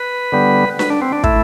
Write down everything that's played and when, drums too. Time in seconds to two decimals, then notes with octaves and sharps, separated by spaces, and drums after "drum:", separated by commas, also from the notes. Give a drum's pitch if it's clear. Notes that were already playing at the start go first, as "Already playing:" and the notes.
Already playing: B4
0.32 D3 G3 B3
0.79 B4, drum: snare D4
0.90 D4
1.02 C4
1.13 D4
1.24 A3 E4, drum: kick